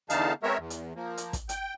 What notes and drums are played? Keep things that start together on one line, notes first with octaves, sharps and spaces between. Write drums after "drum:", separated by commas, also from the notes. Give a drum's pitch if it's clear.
E2 D3 E3 D#4 F5 A5, drum: hi-hat
G#3 B3 C4 A#4 C#5 E5
E2
drum: hi-hat
F3 A#3
drum: hi-hat
drum: kick, hi-hat
G5, drum: hi-hat